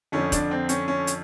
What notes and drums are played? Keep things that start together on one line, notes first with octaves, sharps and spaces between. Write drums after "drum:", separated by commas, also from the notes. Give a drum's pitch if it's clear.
F2 D3 F3 C#4
D4, drum: kick, hi-hat
C4
C#4, drum: hi-hat
C#4
drum: hi-hat